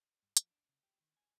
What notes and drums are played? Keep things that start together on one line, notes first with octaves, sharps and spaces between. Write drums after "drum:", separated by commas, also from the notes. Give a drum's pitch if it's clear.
G2
F3, drum: hi-hat
D4
C#3
G4
D#3
G#5